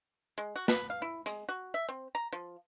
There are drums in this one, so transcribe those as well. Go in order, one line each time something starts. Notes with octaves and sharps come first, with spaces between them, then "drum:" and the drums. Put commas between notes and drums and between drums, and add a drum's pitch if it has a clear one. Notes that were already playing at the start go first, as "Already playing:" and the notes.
G#3
F#4
B4, drum: snare
F5
E4
G#3, drum: hi-hat
F#4
E5
C4
A#5
F3